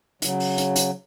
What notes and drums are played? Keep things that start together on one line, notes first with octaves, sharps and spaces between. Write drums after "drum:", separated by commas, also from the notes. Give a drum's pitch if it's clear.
C#3 F#3, drum: hi-hat
drum: open hi-hat
drum: hi-hat
drum: hi-hat